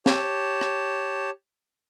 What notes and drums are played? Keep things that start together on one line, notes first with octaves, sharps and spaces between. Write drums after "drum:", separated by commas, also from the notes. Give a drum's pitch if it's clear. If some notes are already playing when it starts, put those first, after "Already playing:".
G4 C#5 A5, drum: snare
drum: rim click